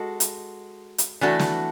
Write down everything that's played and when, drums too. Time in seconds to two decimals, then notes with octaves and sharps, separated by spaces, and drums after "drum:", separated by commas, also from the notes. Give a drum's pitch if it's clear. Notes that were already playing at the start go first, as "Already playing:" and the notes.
Already playing: G#3 F#4 A4
0.20 drum: hi-hat
0.98 drum: hi-hat
1.21 E3 A3 D4 F#4 A4
1.39 drum: snare